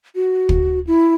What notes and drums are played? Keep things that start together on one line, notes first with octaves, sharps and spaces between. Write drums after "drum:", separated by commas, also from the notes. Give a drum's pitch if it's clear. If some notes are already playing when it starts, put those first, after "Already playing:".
F#4
drum: kick
E4